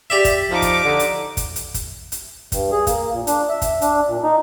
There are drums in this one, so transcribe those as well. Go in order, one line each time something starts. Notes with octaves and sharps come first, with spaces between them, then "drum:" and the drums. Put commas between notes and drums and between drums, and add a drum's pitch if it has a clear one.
G4 D5 E5
drum: kick, hi-hat
F3 D#4 D6
drum: kick, hi-hat
D3
drum: hi-hat
drum: kick, hi-hat
drum: hi-hat
drum: kick, hi-hat
drum: hi-hat
G2, drum: kick, hi-hat
G#4
A#3, drum: kick, hi-hat
A#2
D4, drum: hi-hat
E5
drum: kick, hi-hat
D4, drum: hi-hat
A#2
D#4